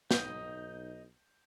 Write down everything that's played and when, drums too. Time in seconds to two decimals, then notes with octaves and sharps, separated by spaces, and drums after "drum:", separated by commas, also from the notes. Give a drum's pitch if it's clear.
0.11 B1 D#4 D#5 G6, drum: snare